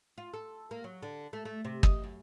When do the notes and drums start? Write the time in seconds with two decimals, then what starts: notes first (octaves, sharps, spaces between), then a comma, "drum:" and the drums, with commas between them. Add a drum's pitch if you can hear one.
0.18 F4
0.33 A4
0.71 A#3
0.84 F#3
1.03 D3
1.33 A3
1.45 A3
1.65 C3
1.83 D#5, drum: kick
2.04 F#2